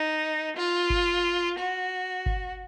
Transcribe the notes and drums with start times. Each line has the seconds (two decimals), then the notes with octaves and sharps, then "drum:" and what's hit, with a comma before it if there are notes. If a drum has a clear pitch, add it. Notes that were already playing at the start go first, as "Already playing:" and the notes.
Already playing: D#4
0.57 F4
0.90 drum: kick G1
1.58 F#4
2.26 drum: kick G1